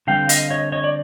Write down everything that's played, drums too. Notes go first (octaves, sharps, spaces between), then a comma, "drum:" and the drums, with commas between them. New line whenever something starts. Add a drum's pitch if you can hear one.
D3 G3 C4 F5 G5
D#5 F5, drum: hi-hat
C#5 D#5
C#5 D#5
D5